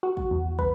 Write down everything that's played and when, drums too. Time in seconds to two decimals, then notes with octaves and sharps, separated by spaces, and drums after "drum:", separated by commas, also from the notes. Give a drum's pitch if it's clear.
0.03 F#4
0.17 drum: kick
0.31 E2
0.59 B4, drum: kick